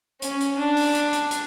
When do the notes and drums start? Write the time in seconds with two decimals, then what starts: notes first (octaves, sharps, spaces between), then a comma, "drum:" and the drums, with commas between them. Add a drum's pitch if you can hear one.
0.22 C#4, drum: hi-hat
0.40 drum: hi-hat
0.58 D4
0.77 drum: open hi-hat
0.95 drum: hi-hat
1.13 drum: hi-hat
1.31 drum: hi-hat